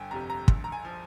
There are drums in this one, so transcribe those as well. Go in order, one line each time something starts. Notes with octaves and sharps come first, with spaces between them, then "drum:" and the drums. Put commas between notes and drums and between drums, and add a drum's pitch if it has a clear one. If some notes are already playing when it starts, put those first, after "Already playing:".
Already playing: G1 G5 G#5
F2 C3 G3 A#5
A#5
A#1, drum: kick
A#5
G#5
F3